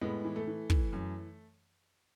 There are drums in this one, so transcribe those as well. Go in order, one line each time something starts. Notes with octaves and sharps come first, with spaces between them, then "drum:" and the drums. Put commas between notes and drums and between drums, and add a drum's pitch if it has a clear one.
A2 G#3 B3
E3
A3
E3
E3, drum: kick
F#2